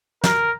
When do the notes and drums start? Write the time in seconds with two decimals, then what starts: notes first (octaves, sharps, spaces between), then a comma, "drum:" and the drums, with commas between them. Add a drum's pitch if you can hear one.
0.24 A#4, drum: snare